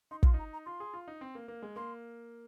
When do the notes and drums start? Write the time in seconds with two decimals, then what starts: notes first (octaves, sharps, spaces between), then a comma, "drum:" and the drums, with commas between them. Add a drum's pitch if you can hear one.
0.11 D#4 C6
0.23 F4 C6, drum: kick
0.34 D#4
0.39 A#5
0.53 A#5
0.66 F4 C6
0.80 G#4
0.93 F4
1.08 D#4
1.21 C4
1.35 A#3
1.48 A#3
1.62 G#3
1.76 A#3 C6